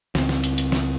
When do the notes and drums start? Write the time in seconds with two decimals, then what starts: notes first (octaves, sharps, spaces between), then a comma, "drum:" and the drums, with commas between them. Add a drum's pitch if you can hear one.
0.15 C#2 C4, drum: snare
0.29 drum: snare
0.44 drum: hi-hat
0.58 drum: hi-hat
0.72 drum: snare